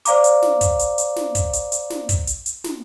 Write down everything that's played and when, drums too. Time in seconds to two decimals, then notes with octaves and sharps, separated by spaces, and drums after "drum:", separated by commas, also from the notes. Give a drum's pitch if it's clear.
0.05 C5 D5 F5 A#5 D6, drum: hi-hat
0.24 drum: hi-hat
0.42 drum: snare
0.61 drum: kick, hi-hat
0.79 drum: hi-hat
0.98 drum: hi-hat
1.16 drum: snare
1.35 drum: kick, hi-hat
1.53 drum: hi-hat
1.72 drum: hi-hat
1.90 drum: snare
2.09 drum: kick, hi-hat
2.27 drum: hi-hat
2.46 drum: hi-hat
2.64 drum: snare